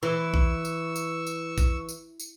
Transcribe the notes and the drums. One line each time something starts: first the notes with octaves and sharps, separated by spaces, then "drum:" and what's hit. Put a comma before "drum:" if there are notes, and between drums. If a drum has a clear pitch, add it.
E3 C#6 E6
drum: kick A#1
drum: tambourine
drum: tambourine
drum: tambourine
drum: kick A#1, tambourine
drum: tambourine
drum: tambourine